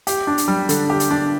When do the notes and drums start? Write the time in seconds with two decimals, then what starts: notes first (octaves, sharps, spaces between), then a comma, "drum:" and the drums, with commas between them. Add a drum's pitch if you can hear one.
0.07 G4, drum: hi-hat
0.27 D4
0.38 drum: hi-hat
0.48 G3
0.69 D3, drum: hi-hat
0.90 G4
1.00 drum: hi-hat
1.11 D4